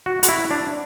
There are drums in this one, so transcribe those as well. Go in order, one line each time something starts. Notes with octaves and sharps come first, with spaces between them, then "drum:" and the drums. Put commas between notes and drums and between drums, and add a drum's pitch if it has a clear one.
F#4
F#4, drum: hi-hat
E4
D4